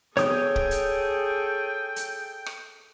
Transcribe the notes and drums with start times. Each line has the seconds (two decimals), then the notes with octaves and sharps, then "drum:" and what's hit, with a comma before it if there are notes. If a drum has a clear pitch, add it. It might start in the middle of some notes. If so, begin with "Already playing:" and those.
0.17 G#4 A4 C#5 G5 D#6 G6, drum: snare B3
0.56 drum: kick
0.71 drum: hi-hat
1.96 drum: hi-hat
2.46 drum: rim click